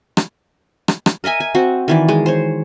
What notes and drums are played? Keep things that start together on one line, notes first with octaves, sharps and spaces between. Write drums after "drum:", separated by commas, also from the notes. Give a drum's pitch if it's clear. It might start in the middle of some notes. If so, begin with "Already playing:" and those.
drum: rim click
drum: rim click
drum: rim click
A#4 D#5 E5 G#5
G#5
C4 F#4
D#3 E3 D5
G#3
C5 C#5